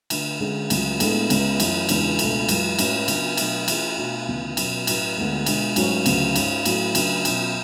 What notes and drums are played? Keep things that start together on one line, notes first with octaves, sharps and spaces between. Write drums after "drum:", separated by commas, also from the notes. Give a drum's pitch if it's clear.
D3 A3 D4, drum: cymbal
D3 G#3 C#4 G#4
C#2 C#3 F#3 A3, drum: cymbal
A2 G#3 B3 D4 A4, drum: cymbal
C#2 C#3 G#3 B3, drum: cymbal
F#2 E3 A3 C#4, drum: cymbal
E2 C#3 G#3 D4, drum: cymbal
C#2 B2 A3 D4 A4, drum: cymbal
F#2 E3 G#3, drum: cymbal
A2 G#3 C#4 F#4, drum: cymbal
C#3 F#3 B3 D4, drum: cymbal
B2 F#3 A3 D4, drum: cymbal
E3 A3 C#4 E4 G#4, drum: cymbal
B2 A3 D4 F#4
D2 C#3 E3 B3
B2 F#3 C#4, drum: cymbal
A2 F#3 A3 C#4, drum: cymbal
D2 D3 G#3 B3
B2 G#3 D4, drum: cymbal
G#2 F#3 A3 C#4 E4, drum: cymbal
D2 C#3 F#3, drum: cymbal
G#2 G#3 C#4, drum: cymbal
A2 F#3 C#4 F#4 A4, drum: cymbal
C#3 F#3 A3 D4, drum: cymbal
B2 F#3 C#4 F#4, drum: cymbal